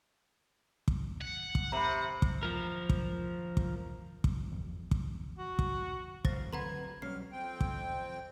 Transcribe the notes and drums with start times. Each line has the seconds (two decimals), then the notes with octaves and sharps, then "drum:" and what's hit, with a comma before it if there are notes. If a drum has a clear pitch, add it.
0.88 drum: kick
1.21 F#5
1.55 drum: kick
1.72 C3 A#5 B5
2.22 drum: kick
2.43 F3 A#4
2.89 drum: kick
3.57 drum: kick
4.24 drum: kick
4.50 G1 E2 F3
4.91 drum: kick
5.38 F#4
5.59 drum: kick
6.25 A1 C5 F5 A6 A#6, drum: kick
6.53 D3 F#3 C4 B4 F#5 A#5 C6 G#6
7.02 B1 F#3 G3 C#4 F6 C7
7.32 F2 C4 G5
7.61 drum: kick